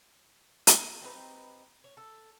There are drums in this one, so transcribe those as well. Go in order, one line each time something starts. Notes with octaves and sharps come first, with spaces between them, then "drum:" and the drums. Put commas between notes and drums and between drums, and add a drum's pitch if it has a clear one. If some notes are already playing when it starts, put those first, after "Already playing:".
drum: hi-hat
C4 D#4 G4 B4
C#5
A4